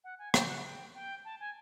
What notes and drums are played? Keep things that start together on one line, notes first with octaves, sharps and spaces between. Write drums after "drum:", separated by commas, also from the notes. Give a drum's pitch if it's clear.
F#5
G#5
G5, drum: rim click
F#5
G5
G5
A5
G#5